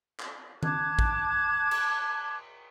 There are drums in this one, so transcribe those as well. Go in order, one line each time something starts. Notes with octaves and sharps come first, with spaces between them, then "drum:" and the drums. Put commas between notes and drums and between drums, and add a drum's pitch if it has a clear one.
drum: clap
A5 D6 F#6 G#6, drum: tom D#3
drum: kick A1
drum: cymbal